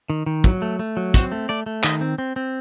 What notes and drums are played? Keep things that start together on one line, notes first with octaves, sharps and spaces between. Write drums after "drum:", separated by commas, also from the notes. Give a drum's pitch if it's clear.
D#3
D#3
F#3, drum: kick
A3
A3
F#3
C4 F#4, drum: kick, hi-hat
A3
A3 D5
A3
D#3 D#5, drum: clap
C4
C4
C4